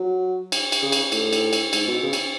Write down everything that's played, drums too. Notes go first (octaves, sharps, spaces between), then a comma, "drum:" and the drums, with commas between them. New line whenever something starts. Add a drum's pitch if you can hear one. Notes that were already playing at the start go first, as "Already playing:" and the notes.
Already playing: F#3
drum: cymbal
drum: cymbal
C#3
drum: cymbal
A2, drum: cymbal
drum: cymbal
drum: cymbal
G#2, drum: cymbal
B2
C#3
drum: cymbal